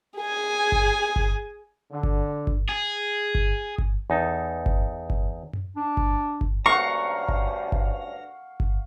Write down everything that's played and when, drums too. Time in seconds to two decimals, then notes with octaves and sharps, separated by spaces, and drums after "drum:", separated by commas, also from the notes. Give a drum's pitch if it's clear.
0.18 G#4 G#5
0.72 drum: kick G1
1.16 drum: kick G1
1.92 D3
2.03 drum: kick G1
2.47 drum: kick G1
2.69 G#4
3.35 drum: kick G1
3.78 drum: kick G1
4.10 E2 D#4 A4
4.66 drum: kick G1
5.10 drum: kick G1
5.53 drum: tom F#2
5.76 D4
5.97 drum: kick G1
6.41 drum: kick G1
6.66 D2 G2 C#4 F5 F#5 A#5 C#6
7.28 drum: kick G1
7.72 drum: kick G1
8.60 drum: kick G1